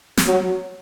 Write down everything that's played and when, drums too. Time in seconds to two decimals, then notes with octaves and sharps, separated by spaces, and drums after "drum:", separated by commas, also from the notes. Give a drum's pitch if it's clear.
0.17 drum: snare
0.26 F#3